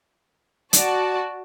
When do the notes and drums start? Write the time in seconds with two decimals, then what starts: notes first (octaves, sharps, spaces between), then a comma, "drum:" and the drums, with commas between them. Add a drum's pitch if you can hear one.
0.73 F#4 D5 A5, drum: hi-hat